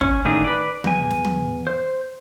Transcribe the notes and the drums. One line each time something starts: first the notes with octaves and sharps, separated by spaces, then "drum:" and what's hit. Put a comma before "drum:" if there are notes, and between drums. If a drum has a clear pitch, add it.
C#4, drum: kick
A2 D3 D#3 D4 D#4 G#4
B4 D5
E2 G#5, drum: tom
drum: snare
drum: tom
C5